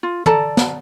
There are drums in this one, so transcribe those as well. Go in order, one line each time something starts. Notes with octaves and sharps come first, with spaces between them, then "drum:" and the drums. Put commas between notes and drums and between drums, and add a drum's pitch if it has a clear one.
F4
A4 D5 A5 A#5, drum: tom
drum: snare